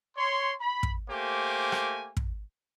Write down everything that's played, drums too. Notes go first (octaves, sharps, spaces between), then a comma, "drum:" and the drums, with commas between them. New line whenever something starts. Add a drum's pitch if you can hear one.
C#5 C6
B5
drum: kick
A3 A#3 G4 C5 G#5
drum: rim click
drum: kick